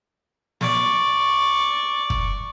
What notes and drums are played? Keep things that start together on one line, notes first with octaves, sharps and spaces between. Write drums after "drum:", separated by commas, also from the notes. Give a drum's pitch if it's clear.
D5 C#6, drum: snare
drum: kick